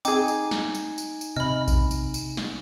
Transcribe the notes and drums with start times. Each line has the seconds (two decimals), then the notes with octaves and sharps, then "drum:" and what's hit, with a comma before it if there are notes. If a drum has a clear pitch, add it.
0.05 C4 D#4 G#4 G#5 D6, drum: tambourine
0.28 drum: tambourine
0.51 drum: snare
0.75 drum: tambourine
0.98 drum: tambourine
1.21 drum: tambourine
1.37 C3 D#5 B5 F6
1.68 drum: kick A#1, tambourine
1.91 drum: tambourine
2.14 drum: tambourine
2.37 drum: snare